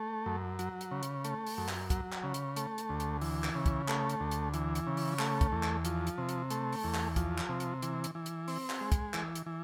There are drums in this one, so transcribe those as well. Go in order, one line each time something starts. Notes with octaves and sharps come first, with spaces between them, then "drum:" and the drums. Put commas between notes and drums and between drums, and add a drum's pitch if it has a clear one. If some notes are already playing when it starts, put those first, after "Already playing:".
Already playing: A3
F#2
F#3, drum: hi-hat
drum: hi-hat
C#3
drum: hi-hat
A3, drum: hi-hat
drum: open hi-hat
F#2
drum: clap
F#3, drum: kick, hi-hat
drum: clap
C#3
drum: hi-hat
A3, drum: hi-hat
drum: hi-hat
D2
drum: hi-hat
E3, drum: open hi-hat
drum: clap
C#3
drum: kick, hi-hat
A3, drum: clap
drum: hi-hat
D2
drum: hi-hat
E3, drum: hi-hat
drum: hi-hat
C#3
drum: open hi-hat
A3, drum: clap
drum: kick, hi-hat
E2
drum: clap
F3, drum: hi-hat
drum: hi-hat
C3
drum: hi-hat
A3, drum: hi-hat
drum: open hi-hat
E2
drum: clap
F3, drum: kick, hi-hat
drum: clap
C3
drum: hi-hat
E3, drum: hi-hat
drum: hi-hat
E3
drum: hi-hat
C4, drum: open hi-hat
drum: clap
G#3
drum: kick, hi-hat
E3, drum: clap
drum: hi-hat
E3